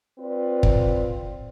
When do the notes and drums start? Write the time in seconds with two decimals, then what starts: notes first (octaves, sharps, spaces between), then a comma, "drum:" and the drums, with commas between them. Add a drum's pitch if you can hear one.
0.19 C4 F4 B4 D5
0.63 drum: kick